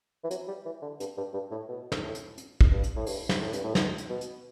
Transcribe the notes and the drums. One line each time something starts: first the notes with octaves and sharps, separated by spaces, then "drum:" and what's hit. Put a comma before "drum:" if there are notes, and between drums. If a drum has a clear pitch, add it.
E3
F#3, drum: hi-hat
G3
E3
D3
G2, drum: hi-hat
G2
G2
A2
B2
drum: snare
A2
drum: hi-hat
drum: hi-hat
drum: kick
G2
drum: hi-hat
A2
G2, drum: open hi-hat
drum: snare
A2
G2, drum: hi-hat
A2
B2, drum: snare
drum: hi-hat
B2
drum: hi-hat